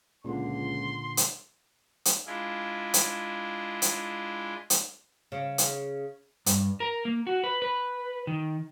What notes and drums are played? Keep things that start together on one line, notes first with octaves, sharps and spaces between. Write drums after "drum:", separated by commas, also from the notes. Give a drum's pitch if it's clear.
C#2 A#2 D3 C6
drum: hi-hat
drum: hi-hat
G#3 D4 E4 F4 G#4
drum: hi-hat
drum: hi-hat
drum: hi-hat
C#3
drum: hi-hat
G2, drum: hi-hat
A#4
A#3
F#4
B4
B4
D#3